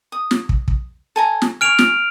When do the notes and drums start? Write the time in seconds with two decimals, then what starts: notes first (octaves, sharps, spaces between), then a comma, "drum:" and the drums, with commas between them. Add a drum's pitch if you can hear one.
0.12 D#6
0.31 drum: snare
0.49 drum: kick
0.68 drum: kick
1.16 A4 G#5 A#5
1.42 drum: snare
1.61 G#5 C#6 F6 D7 F7
1.79 drum: snare